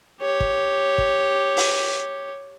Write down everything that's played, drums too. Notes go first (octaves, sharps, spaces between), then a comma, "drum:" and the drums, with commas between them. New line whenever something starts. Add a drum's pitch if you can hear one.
G4 C#5
drum: kick
drum: kick
drum: open hi-hat